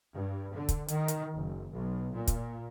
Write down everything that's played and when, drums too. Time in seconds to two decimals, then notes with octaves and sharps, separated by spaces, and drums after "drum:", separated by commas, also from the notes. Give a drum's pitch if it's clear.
0.13 G2
0.53 D3
0.69 drum: kick, hi-hat
0.88 D#3, drum: hi-hat
1.08 drum: hi-hat
1.34 F#1
1.72 B1
2.13 A#2
2.27 drum: kick, hi-hat